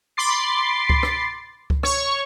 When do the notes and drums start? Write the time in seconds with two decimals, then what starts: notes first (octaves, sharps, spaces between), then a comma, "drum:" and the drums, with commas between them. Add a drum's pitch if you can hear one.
0.17 B5 C6 D6 A6 C7
0.90 drum: kick C#2
1.03 drum: rim click
1.70 drum: kick C#2
1.83 C#5 C#6, drum: rim click